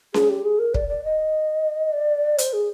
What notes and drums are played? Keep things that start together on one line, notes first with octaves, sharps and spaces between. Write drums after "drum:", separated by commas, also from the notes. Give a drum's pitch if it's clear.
G#4, drum: snare C#4
G4
G#4
A#4
D5, drum: kick
D5
D#5
D5
C5, drum: hi-hat
G#4